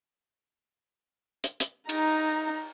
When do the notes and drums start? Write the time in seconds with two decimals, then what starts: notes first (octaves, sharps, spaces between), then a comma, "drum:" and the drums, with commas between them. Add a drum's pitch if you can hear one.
1.44 drum: hi-hat
1.60 drum: hi-hat
1.89 D#4 A#5, drum: cymbal